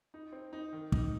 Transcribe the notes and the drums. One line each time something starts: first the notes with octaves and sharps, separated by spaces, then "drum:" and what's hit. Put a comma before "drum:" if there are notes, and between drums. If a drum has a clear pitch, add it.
D#4
C4
D#4
D#3
D#4, drum: kick